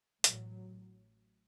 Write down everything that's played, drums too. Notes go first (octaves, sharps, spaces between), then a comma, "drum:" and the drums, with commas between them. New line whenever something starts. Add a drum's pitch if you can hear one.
A1 A2 F#3, drum: hi-hat